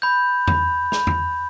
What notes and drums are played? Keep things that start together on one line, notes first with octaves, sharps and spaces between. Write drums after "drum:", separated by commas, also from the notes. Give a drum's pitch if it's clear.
B5 G6
B5, drum: tom E2
B5, drum: snare
drum: tom E2